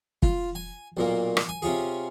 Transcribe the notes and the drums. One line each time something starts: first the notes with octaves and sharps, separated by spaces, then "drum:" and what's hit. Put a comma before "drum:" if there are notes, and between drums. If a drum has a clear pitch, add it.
F4, drum: kick
G#5
B1 A#2 A#3
drum: rim click
G#5
C3 C#4 F4 G#4